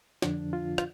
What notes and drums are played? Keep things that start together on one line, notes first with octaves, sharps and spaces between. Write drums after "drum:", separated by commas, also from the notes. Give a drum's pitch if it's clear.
F2 D3 F3 D4, drum: snare
F4
F4, drum: rim click